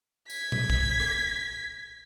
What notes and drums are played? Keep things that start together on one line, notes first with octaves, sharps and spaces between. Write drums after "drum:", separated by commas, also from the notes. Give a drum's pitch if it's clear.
G#6 B6, drum: tambourine
drum: tom A#2
drum: kick
drum: rim click